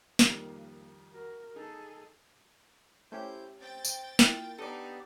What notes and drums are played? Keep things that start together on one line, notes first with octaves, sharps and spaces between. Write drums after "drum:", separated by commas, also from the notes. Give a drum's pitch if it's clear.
F2 D#3 G3 A#3, drum: snare
F#4 A#4
D#4 G#4 A4
A3 C#4 E4 G4 C5 G6
C4 G5 A6
drum: tambourine
A#3 E4 F4, drum: snare
B3 D4 D#4 G4 A4 D5 D#6